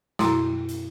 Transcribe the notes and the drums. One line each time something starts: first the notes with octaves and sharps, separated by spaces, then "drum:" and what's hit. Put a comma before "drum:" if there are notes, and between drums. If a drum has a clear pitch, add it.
F#2 B2 E4 A#5 C6, drum: snare
drum: hi-hat